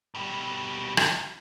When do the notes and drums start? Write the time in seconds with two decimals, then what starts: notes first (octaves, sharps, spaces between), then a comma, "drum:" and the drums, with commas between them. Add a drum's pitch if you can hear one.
0.15 B2 G3
0.97 drum: rim click